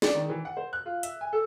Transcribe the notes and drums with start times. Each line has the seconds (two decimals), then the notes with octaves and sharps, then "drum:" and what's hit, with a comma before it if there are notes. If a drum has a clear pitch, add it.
0.02 D5, drum: snare
0.15 D#3
0.30 E3
0.45 F#5
0.57 C5
0.73 F#6
0.86 F4
1.03 E5, drum: hi-hat
1.21 G#5
1.33 A4